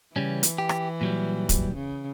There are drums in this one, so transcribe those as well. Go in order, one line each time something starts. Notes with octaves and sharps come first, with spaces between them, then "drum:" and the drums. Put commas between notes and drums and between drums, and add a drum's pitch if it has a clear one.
C#3 E3 G3 C#4
drum: hi-hat
G4
drum: rim click
A#2 F#3 G3
drum: kick, hi-hat
C#3